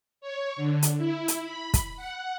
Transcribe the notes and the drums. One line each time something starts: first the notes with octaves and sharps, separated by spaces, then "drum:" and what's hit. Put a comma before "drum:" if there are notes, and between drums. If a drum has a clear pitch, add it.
C#5
D3
drum: hi-hat
E4
drum: hi-hat
B5
drum: kick, hi-hat
F#5